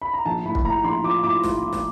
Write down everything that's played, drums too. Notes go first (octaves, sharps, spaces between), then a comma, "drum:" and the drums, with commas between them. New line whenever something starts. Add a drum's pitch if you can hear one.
B5
A#5
A#1 A5
A2 B5
drum: kick
A2 A#5
A#1 C6
F3 D6
A2 D6
A2, drum: snare
A2
drum: snare